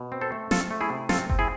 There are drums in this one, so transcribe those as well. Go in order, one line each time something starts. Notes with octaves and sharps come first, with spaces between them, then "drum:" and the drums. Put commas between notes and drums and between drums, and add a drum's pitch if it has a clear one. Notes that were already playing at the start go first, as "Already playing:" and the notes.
Already playing: B2
C4
A4 C5
A3
C4 F4 A4, drum: snare
A3
E4 G#4
C3
C4 F4 A4, drum: snare
C4, drum: kick F#1
E4 G#4